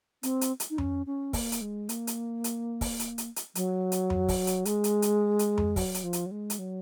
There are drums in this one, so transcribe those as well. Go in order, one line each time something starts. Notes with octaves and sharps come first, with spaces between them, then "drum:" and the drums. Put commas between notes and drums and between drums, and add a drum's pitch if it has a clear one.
C4, drum: hi-hat
drum: hi-hat
drum: hi-hat
D#4
C#4, drum: tom F2
C#4
A#3, drum: kick, open hi-hat
drum: hi-hat
G#3
A#3, drum: hi-hat
drum: hi-hat
drum: hi-hat
drum: kick, open hi-hat
drum: hi-hat
drum: hi-hat
drum: hi-hat
F#3, drum: hi-hat
drum: hi-hat
drum: tom F2
drum: kick, open hi-hat
drum: hi-hat
G#3, drum: hi-hat
drum: hi-hat
drum: hi-hat
drum: hi-hat
drum: tom F2
F#3, drum: kick, open hi-hat
drum: hi-hat
F3
drum: hi-hat
F#3
G#3
drum: hi-hat
F#3